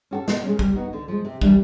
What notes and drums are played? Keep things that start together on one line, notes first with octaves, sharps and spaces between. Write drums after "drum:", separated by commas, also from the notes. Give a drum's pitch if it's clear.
C#4 F#4 A4
B2, drum: snare
G#3 C#4
G3, drum: kick
B3 D#4 F#4
D3
F3 G#3
C3
E3 G3 A#3 D4, drum: kick